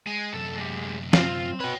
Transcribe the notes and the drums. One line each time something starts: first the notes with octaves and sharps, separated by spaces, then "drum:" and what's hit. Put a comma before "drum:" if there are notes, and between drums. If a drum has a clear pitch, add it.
G#3 G#5
F#2 C3 A4
G#3 G4
C4 F4, drum: snare
F#4 B4 C#5 G5